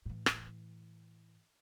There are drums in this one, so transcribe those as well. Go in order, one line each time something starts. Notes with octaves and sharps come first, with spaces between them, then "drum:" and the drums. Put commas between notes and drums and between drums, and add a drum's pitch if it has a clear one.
A2 E3
drum: rim click